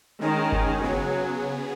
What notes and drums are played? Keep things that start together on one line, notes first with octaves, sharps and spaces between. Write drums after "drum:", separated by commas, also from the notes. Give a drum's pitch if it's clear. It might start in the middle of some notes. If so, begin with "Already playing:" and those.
D#3 G#3 C#4 G#4
drum: kick G1
C#3 F#3 B3 G#4